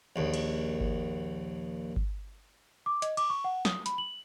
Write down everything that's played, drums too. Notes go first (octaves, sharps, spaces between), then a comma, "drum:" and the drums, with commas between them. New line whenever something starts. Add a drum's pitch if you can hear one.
A#1 D#2
drum: cymbal
drum: kick G1
drum: kick G1
D6
D#5, drum: hi-hat
D6, drum: cymbal
C#6
F#5
D#6, drum: snare
B5, drum: hi-hat
F#7